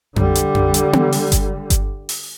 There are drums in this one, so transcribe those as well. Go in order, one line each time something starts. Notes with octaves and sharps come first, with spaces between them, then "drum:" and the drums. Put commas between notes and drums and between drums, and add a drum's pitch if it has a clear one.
D3 G3, drum: tom F2
drum: hi-hat
drum: tom F2
drum: hi-hat
drum: tom B3
drum: open hi-hat
drum: kick G1, hi-hat
drum: kick G1, hi-hat
drum: open hi-hat